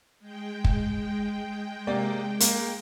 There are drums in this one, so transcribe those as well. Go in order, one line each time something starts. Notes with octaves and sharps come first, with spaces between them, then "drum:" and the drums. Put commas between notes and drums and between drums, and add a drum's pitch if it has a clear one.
G#3 G5
drum: kick
C3 A#3 D5
A#3, drum: hi-hat